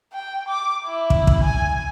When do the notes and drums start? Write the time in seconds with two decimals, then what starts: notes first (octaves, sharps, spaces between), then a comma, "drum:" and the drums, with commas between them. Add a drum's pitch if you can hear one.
0.13 G5
0.48 D6
0.86 E4
1.10 drum: kick
1.27 drum: kick
1.43 G#5